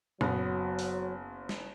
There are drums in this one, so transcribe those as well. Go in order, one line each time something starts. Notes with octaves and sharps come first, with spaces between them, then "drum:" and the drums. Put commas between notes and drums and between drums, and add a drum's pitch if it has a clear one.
F#1 F#3 B3, drum: tom A#2
drum: open hi-hat
drum: snare